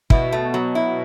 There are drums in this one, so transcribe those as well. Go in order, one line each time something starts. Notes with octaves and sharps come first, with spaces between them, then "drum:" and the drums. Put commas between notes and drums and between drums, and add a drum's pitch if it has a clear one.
B2 E4, drum: kick
A3
F#3
E4